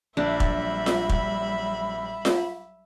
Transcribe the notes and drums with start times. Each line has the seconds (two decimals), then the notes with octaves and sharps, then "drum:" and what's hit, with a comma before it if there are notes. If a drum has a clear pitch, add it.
0.17 A#1 F#3 G3 D4 E5 B5
0.40 drum: kick
0.86 drum: snare F4
1.09 drum: kick
2.25 drum: snare F4